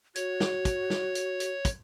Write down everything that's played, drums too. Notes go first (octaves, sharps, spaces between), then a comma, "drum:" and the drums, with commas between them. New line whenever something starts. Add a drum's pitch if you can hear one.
F#4 C#5, drum: hi-hat
drum: snare
drum: kick, hi-hat
drum: snare
drum: hi-hat
drum: hi-hat
drum: kick, hi-hat